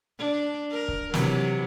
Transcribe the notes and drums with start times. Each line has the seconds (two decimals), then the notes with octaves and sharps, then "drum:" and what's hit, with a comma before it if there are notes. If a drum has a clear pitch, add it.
0.18 D4
0.71 A#4
0.88 drum: kick C#1
1.14 C3 E3 F#3, drum: snare